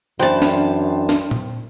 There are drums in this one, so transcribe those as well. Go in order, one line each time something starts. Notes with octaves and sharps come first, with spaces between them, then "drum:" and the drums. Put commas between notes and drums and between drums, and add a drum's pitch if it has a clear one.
F#2 E3 D4 C5 G5 A5
drum: snare
drum: snare
drum: tom A#2